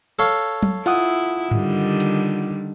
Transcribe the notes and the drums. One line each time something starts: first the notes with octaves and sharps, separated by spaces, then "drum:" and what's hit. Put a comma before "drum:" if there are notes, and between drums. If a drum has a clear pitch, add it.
A4 C#5 F5
drum: tom
E4 F4 F#5 D#6, drum: open hi-hat
D3 D#3 G3, drum: tom G2
drum: hi-hat